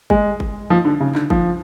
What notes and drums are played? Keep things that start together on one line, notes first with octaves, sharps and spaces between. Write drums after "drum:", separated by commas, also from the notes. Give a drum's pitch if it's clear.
G#3, drum: kick G1
drum: kick G1
F3
D3
C#3
D3, drum: clap
F3, drum: kick G1